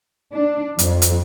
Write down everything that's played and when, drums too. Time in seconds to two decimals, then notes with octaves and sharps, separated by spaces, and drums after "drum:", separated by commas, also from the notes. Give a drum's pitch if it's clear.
0.34 D4
0.79 F2, drum: hi-hat
1.02 drum: hi-hat